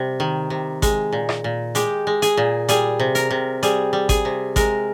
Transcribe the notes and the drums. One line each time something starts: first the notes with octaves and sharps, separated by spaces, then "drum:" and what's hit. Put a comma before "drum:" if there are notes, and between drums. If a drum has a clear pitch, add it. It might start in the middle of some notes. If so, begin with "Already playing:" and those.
Already playing: C3 G3
D#3
C3
G#3, drum: kick G#1, hi-hat
A#2
drum: rim click
A#2
G#3 G4, drum: hi-hat
G#3
G#4, drum: hi-hat
A#2
G3 G#4, drum: hi-hat
C3
A#4, drum: hi-hat
C3
G3 G#4, drum: hi-hat
G3
G#4, drum: kick G#1, hi-hat
C3
G#3 A#4, drum: kick G#1, hi-hat